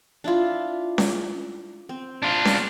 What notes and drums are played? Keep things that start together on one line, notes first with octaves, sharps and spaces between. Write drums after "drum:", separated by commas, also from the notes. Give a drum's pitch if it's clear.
D4 E4 F4
drum: snare C#4
C4
D4 F4
drum: snare C#4